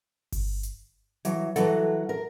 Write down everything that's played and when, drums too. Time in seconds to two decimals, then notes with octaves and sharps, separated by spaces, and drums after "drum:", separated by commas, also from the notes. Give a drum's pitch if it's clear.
0.32 drum: kick G1, open hi-hat
0.63 drum: hi-hat
1.25 E3 F#3, drum: hi-hat
1.56 E3 F#3 A4 F#5, drum: hi-hat
2.09 A#4